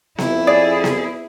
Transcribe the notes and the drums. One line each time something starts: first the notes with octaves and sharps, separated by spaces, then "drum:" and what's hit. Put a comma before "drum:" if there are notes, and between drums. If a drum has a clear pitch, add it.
F2 E4, drum: snare B3
G#4 D5
drum: snare B3